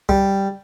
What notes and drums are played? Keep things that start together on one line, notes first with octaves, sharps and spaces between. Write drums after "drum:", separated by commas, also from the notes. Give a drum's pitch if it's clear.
G3, drum: kick C2